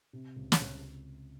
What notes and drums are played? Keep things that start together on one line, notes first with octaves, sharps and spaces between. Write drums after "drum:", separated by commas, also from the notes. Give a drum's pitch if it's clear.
C3
C#2
drum: snare
C#2